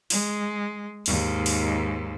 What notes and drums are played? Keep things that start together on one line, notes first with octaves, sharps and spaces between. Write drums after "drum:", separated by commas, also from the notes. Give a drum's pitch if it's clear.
G#3, drum: open hi-hat
D#2 G#2, drum: open hi-hat
drum: open hi-hat